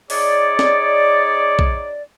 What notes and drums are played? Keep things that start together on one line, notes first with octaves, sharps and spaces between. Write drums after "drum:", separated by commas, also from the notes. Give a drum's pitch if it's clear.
D#4 G#4 C#5 D5, drum: open hi-hat
drum: snare
drum: kick